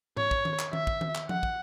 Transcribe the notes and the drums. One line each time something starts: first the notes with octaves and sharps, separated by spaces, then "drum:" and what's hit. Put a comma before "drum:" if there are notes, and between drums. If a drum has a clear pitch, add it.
C#5, drum: tom G#2
drum: kick
drum: tom D#3
drum: clap
E5, drum: tom D#3
drum: kick
drum: tom D#3
drum: clap
F#5, drum: tom F3
drum: kick